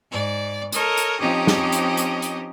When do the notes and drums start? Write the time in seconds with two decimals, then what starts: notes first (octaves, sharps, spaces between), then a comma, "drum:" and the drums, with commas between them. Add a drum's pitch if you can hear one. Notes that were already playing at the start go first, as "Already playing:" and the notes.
0.11 G#2 D5
0.72 A4 A#4 C#5 D#5, drum: hi-hat
0.97 drum: hi-hat
1.19 F3 C4 C#4 D#4 G4 D#5
1.47 drum: snare
1.72 drum: hi-hat
1.97 drum: hi-hat
2.22 drum: hi-hat